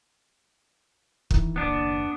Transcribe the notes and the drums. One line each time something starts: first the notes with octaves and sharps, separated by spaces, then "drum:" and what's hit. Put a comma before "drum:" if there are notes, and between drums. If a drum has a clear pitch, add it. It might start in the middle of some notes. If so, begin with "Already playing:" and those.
D#3 E3, drum: kick
F#1 D#2 B3 D4